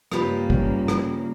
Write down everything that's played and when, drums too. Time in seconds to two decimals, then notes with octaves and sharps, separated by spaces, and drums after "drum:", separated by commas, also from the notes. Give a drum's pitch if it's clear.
0.12 G2 C#3 A#3 F4 G4 B4, drum: rim click
0.50 drum: kick
0.88 drum: rim click